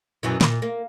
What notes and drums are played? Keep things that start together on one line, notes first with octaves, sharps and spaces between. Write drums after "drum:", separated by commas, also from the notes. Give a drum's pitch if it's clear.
F#2 B2 E3
A#2, drum: snare
A#3